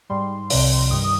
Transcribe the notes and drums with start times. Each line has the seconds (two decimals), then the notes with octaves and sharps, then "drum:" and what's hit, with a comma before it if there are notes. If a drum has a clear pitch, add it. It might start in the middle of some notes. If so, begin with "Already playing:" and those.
0.10 G#2 G3 C6
0.50 C2 C3 F3, drum: open hi-hat
0.91 G2 D#3 G3 D#6
1.04 D#6